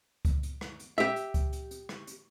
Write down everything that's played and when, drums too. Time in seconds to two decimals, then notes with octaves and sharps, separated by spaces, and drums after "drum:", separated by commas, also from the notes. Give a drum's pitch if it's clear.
0.25 drum: kick C#2, hi-hat
0.43 drum: hi-hat
0.61 drum: rim click
0.80 drum: hi-hat
0.98 G4 E5
1.16 drum: hi-hat
1.34 drum: kick C#2, hi-hat
1.53 drum: hi-hat
1.71 drum: hi-hat
1.89 drum: rim click
2.07 drum: hi-hat